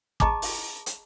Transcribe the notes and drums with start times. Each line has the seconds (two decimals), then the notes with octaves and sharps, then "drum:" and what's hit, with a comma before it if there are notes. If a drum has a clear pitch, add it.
0.20 G#4 D#5 A5 A#5 C#6 D6, drum: kick
0.42 drum: open hi-hat
0.86 drum: hi-hat